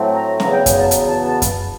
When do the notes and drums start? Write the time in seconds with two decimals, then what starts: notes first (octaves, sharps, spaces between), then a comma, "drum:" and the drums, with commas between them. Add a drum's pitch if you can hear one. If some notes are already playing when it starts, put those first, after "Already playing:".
Already playing: A2 F#3 A3 C4
0.15 A#5
0.40 E2 C#3 F#3 B3 A#5, drum: snare C#4
0.53 G5
0.66 G#5, drum: kick F#2, hi-hat
0.79 A5
0.91 drum: hi-hat
1.08 A5
1.25 A5
1.42 drum: kick F#2, hi-hat